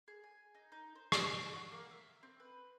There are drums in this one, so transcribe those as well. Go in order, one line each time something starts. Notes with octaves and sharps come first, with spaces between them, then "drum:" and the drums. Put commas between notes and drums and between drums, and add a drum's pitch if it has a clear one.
G#4
G#5
D#4
D#4
C5
G#5, drum: rim click
A4
F#5
A#3
E5
C4
B4